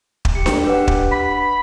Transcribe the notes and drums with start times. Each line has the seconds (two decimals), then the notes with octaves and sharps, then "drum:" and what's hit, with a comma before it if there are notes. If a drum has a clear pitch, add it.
0.25 drum: kick
0.35 G4 C#7
0.46 drum: snare D4
0.67 D4 B4 F#5
0.88 drum: kick
1.12 B5